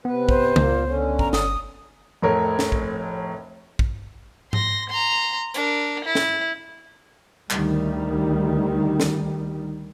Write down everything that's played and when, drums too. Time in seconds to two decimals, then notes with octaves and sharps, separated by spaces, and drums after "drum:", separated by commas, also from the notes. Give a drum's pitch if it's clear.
0.05 C3 B3 B4
0.29 C5, drum: kick
0.56 C#2 A#2 A#3, drum: tom C#3
0.84 D3 C#4
1.19 A#5, drum: kick
1.33 G1 D#6, drum: snare
2.22 F1 A2 A#4 C#5
2.59 drum: snare
2.72 drum: kick
3.79 drum: kick
4.53 C6 A#6, drum: tom G#2
4.89 A#5 C6
5.54 D4 A#4, drum: hi-hat
6.04 E4
6.15 drum: snare
7.50 D2 D#3 G3, drum: clap
9.00 drum: snare